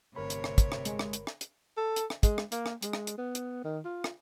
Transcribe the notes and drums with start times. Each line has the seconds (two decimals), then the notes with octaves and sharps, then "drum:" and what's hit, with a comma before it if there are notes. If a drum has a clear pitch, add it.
0.16 G1 A2 C3 A#4 C#5 B5
0.30 drum: hi-hat
0.44 drum: rim click
0.58 drum: kick, hi-hat
0.72 drum: rim click
0.85 G#3, drum: hi-hat
0.99 drum: rim click
1.13 drum: hi-hat
1.27 drum: rim click
1.41 drum: hi-hat
1.77 A4
1.96 drum: hi-hat
2.10 drum: rim click
2.23 G#3, drum: kick, hi-hat
2.38 drum: rim click
2.52 A#3, drum: hi-hat
2.66 drum: rim click
2.82 G#3, drum: hi-hat
2.93 drum: rim click
3.07 drum: hi-hat
3.18 B3
3.35 drum: hi-hat
3.64 D#3
3.85 F4
4.04 drum: rim click